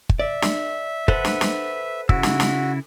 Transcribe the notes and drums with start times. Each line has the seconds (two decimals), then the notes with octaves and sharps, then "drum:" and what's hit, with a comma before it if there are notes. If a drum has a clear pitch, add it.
0.09 drum: kick
0.19 D5 E5
0.42 drum: snare
1.08 A4 B4 C5 F#5, drum: kick
1.25 drum: snare
1.41 drum: snare
2.09 C#3 E4 F#4 E6, drum: kick
2.23 drum: snare
2.40 drum: snare